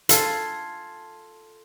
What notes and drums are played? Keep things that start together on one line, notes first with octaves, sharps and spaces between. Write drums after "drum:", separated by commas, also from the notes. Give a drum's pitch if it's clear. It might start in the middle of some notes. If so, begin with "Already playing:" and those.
F4 A4 G#5, drum: hi-hat